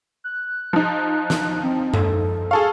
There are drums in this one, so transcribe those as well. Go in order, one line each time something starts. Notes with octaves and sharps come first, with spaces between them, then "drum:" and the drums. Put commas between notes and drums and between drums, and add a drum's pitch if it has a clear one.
F#6
F3 D#4
drum: snare
C4
A4, drum: tom F#2
G#4 A4 F5 C#6